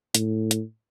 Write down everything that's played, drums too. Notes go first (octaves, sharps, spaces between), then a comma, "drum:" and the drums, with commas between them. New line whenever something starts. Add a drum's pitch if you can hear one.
A2, drum: hi-hat
drum: hi-hat